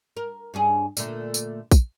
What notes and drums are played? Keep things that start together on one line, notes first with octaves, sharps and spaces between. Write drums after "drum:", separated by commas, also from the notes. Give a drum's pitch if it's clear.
A#4
G2 C#4 G#4
A#2 D3 A3, drum: tambourine
drum: tambourine
drum: kick A#1, tambourine